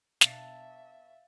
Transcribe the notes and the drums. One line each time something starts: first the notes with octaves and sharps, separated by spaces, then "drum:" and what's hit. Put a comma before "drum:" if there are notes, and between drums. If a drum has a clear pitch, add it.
B2 D4 E5 F5 A6, drum: snare